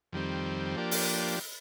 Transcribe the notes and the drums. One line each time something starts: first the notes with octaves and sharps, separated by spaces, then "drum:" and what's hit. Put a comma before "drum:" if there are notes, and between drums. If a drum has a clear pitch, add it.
F2 D#3 G3 C4
F3 A#3 D4 G4
drum: open hi-hat